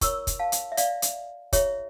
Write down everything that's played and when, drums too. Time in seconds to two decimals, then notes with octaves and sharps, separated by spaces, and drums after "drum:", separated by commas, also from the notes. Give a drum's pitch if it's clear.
0.01 E4 A#4 C#5 C#6 E6, drum: kick, hi-hat
0.27 drum: kick, hi-hat
0.39 F5 A5
0.52 drum: hi-hat
0.72 E5
0.77 D5 F5, drum: hi-hat
1.02 drum: hi-hat
1.53 E4 G4 C#5 E5, drum: kick, hi-hat